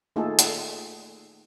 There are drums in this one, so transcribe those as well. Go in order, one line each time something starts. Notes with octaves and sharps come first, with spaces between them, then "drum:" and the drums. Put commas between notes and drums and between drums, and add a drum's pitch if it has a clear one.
A3 A#3 D#4 F4 G#4 A4
drum: hi-hat